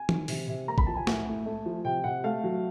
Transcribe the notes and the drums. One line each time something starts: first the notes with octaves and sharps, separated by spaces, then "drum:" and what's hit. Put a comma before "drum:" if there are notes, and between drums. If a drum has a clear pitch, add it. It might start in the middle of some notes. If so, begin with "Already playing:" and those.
Already playing: G#5
D#3, drum: tom
C3, drum: open hi-hat
C3
A#3 A#5
B5, drum: kick
F3 A5
G#5
A2, drum: snare
A2
A3
F3
C3 G5
C3 F#5
A3 F5
F#3